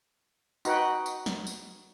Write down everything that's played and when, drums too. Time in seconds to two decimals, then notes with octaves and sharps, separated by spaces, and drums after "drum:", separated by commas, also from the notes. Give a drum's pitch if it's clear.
0.65 D#4 F#4 B4 F#5 G5, drum: tambourine
1.06 drum: tambourine
1.26 drum: snare
1.47 drum: tambourine